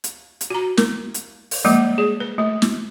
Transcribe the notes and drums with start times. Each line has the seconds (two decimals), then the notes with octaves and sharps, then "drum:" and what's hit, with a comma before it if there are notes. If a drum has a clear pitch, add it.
0.04 drum: hi-hat
0.41 drum: hi-hat
0.50 F#4 A#5
0.77 A#4, drum: snare
1.14 drum: hi-hat
1.51 drum: open hi-hat
1.64 F3 G3 G#3 A#3
1.98 G#4
2.20 B4
2.38 A3
2.62 drum: snare